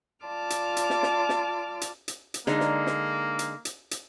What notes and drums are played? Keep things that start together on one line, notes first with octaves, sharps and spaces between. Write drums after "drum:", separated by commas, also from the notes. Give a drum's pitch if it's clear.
F4 D5 A5 D6 F6
drum: hi-hat
drum: hi-hat
drum: snare
drum: snare
drum: snare
drum: hi-hat
drum: hi-hat
drum: hi-hat
D3 G#3 A#3 D#4, drum: snare
drum: snare
drum: snare
drum: hi-hat
drum: hi-hat
drum: hi-hat